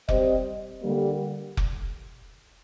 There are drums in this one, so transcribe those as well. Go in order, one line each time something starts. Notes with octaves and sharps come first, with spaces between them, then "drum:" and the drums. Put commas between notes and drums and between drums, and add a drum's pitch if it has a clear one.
G3 C4 G4 C5 D#5, drum: kick F1
D3 G3 A#3
drum: kick F1